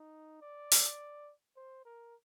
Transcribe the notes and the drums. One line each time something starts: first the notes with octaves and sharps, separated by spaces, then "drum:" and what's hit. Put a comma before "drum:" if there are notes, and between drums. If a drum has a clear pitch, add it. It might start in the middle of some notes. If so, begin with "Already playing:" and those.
Already playing: D#4
D5
drum: open hi-hat
C5
A#4